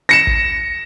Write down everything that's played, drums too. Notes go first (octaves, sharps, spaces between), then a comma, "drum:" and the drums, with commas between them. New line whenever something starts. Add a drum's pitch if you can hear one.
A#6 C#7 E7
drum: kick